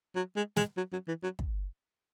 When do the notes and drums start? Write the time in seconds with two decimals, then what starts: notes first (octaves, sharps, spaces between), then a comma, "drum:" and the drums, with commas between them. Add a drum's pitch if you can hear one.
0.16 F#3
0.36 G#3
0.56 G#3, drum: snare
0.77 F#3
0.93 F#3
1.08 E3
1.24 F#3
1.39 drum: kick